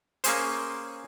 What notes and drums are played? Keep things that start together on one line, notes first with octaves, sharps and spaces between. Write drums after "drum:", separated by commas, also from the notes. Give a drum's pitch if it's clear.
A#3 C#4 G#4 C5, drum: hi-hat